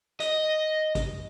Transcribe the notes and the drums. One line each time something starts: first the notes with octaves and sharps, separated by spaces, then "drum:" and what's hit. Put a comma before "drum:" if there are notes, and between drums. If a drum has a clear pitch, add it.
D#5, drum: hi-hat
drum: kick G#1, hi-hat